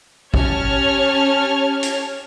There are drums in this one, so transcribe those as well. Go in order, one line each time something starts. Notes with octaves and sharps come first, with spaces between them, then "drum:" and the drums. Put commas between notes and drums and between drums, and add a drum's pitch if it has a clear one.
C#4 G4 C#5 A5 F6 G#6, drum: kick
drum: hi-hat